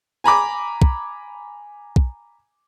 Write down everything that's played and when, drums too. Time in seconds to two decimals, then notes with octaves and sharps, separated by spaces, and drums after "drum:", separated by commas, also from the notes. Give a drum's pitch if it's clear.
0.24 G#5 A#5 B5 D6
0.82 drum: kick
1.96 drum: kick